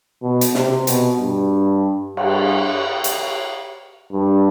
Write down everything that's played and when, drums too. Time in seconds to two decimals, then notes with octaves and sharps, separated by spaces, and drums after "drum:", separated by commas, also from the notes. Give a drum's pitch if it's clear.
0.22 B2
0.41 drum: hi-hat
0.55 C3, drum: snare
0.87 B2, drum: hi-hat
1.19 G2
2.17 G2, drum: cymbal
3.04 drum: hi-hat
4.13 G2